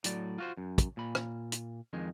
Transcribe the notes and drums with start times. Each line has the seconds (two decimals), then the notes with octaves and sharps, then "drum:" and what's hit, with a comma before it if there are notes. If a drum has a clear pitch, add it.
0.04 A2 F#3 D5, drum: hi-hat
0.38 F4 F#4 C5
0.57 F#2
0.78 drum: kick, hi-hat
0.97 A#2 B5
1.15 drum: rim click
1.52 drum: hi-hat
1.93 F2 D#3 G#3